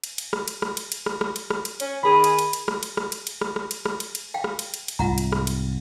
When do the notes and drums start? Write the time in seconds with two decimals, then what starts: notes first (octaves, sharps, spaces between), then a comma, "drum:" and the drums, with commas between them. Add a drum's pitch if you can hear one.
0.04 drum: cymbal
0.18 drum: cymbal
0.33 drum: rim click
0.48 drum: cymbal
0.62 drum: rim click
0.77 drum: cymbal
0.92 drum: cymbal
1.06 drum: rim click
1.21 drum: rim click
1.36 drum: cymbal
1.50 drum: rim click
1.65 drum: cymbal
1.80 C#4, drum: cymbal
2.03 D#3 G#4 B5
2.24 drum: cymbal
2.39 drum: cymbal
2.53 drum: cymbal
2.68 drum: rim click
2.83 drum: cymbal
2.97 drum: rim click
3.12 drum: cymbal
3.27 drum: cymbal
3.41 drum: rim click
3.56 drum: rim click
3.71 drum: cymbal
3.86 drum: rim click
4.00 drum: cymbal
4.15 drum: cymbal
4.34 F5 G5
4.44 drum: rim click
4.59 drum: cymbal
4.74 drum: cymbal
4.88 drum: cymbal
4.99 C2 G#2 F4 F#5 A#5
5.18 drum: cymbal
5.32 drum: rim click
5.47 drum: cymbal